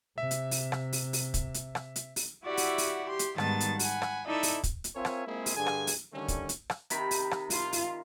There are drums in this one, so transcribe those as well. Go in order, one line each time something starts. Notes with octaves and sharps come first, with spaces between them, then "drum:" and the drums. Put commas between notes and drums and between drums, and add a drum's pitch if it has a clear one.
C3 E5
drum: hi-hat
drum: open hi-hat
drum: rim click
drum: open hi-hat
drum: open hi-hat
drum: kick, hi-hat
drum: hi-hat
drum: rim click
drum: hi-hat
drum: open hi-hat
E4 F#4 G4 D5 E5 F#5
drum: open hi-hat
drum: open hi-hat
G4 C6
drum: hi-hat
G#2 D#3 G3 B3 A5 A6, drum: rim click
drum: hi-hat
F#5 G#5 B5, drum: open hi-hat
drum: rim click
D#4 E4 A4 D5 E5
drum: open hi-hat
drum: kick, hi-hat
drum: hi-hat
C4 F4 A#4 C#5 E5 G#5
drum: rim click
G#3 A#3 C4 E4 F4 G#4
drum: open hi-hat
G2 D3 G#4 G#5
drum: rim click
drum: open hi-hat
D3 D#3 G3 A3 C#4
drum: kick, hi-hat
drum: hi-hat
drum: rim click
C3 D#3 B5, drum: hi-hat
drum: open hi-hat
drum: rim click
F4, drum: open hi-hat
drum: open hi-hat